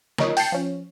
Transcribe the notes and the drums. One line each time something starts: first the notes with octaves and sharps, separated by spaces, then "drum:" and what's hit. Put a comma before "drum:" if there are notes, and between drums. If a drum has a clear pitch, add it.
F3 A#4 C#5 D#5, drum: snare
G5 A5 G6 C7 C#7, drum: open hi-hat
F3 C#4